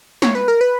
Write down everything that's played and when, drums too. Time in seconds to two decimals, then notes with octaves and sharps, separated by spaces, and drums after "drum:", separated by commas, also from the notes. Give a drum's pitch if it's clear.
0.22 C#5, drum: snare
0.35 B4
0.48 A#4
0.61 B4